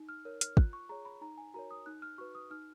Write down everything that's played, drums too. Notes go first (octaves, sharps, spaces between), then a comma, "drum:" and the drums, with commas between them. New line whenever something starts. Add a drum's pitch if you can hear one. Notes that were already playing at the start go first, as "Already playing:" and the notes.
Already playing: D#4
F6
A#4 C#5
F6, drum: hi-hat
F4 F#6, drum: kick
C#6
G#4 C#5 A#5
B5
D#4 A#5
G#5
F#4 A#4 C#5 A#5
D#6
D#4 F#6
F6
F#4 B4 C#6
D#6
D#4 F6